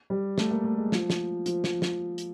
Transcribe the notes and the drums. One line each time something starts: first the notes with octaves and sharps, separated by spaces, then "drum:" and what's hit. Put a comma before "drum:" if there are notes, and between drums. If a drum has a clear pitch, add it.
G3
A3, drum: snare
A#3
A3
G#3
F3, drum: snare
drum: snare
F3, drum: hi-hat
drum: snare
drum: snare
drum: hi-hat